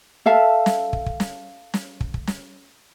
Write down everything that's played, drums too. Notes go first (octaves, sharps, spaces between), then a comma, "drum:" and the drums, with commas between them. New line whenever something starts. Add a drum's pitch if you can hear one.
A4 E5 F5 A5
drum: snare
drum: kick
drum: kick
drum: snare
drum: snare
drum: kick
drum: kick
drum: snare